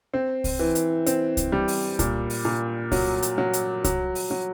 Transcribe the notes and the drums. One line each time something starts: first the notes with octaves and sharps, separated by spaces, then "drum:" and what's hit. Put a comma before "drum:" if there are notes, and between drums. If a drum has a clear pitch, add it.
C4
drum: kick C2, open hi-hat
E3
drum: hi-hat
C4, drum: hi-hat
drum: kick C2, hi-hat
G3
drum: open hi-hat
A#2, drum: kick C2, hi-hat
drum: open hi-hat
A#2
F#3, drum: kick C2, open hi-hat
drum: hi-hat
F#3
drum: hi-hat
F#3, drum: kick C2, hi-hat
drum: open hi-hat
F#3